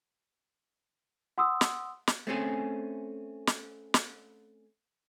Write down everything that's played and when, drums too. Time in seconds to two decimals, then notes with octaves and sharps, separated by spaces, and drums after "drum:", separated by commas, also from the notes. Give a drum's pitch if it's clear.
1.38 F#5 C6 D#6 E6
1.61 drum: snare
2.07 drum: snare
2.27 A3 C4 C#4 G#4
3.47 drum: snare
3.94 drum: snare